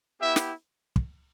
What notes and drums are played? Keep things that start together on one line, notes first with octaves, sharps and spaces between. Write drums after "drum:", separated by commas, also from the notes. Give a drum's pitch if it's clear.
B3 E4 G4 E5
drum: snare
drum: kick